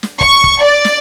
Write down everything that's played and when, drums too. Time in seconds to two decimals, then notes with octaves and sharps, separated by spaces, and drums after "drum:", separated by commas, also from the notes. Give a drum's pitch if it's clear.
0.03 drum: snare
0.21 C#6, drum: kick
0.44 drum: kick
0.64 D5
0.85 drum: snare